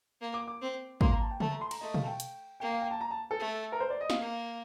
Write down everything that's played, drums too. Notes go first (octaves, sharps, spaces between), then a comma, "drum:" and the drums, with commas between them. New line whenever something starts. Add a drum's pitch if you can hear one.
A#3
D6
D6
C4
A#3 C6, drum: kick
A#5
A5
G5
A3 A5, drum: tom C#3
A#5
C6
A#5, drum: cymbal
A3 D#5
F5, drum: tom B2
A5
G5
drum: hi-hat
A#3 G5
F5
G5
A5
A#5
A5
A4
A3
A#4
C5
D5
D#5
F5, drum: snare
A#3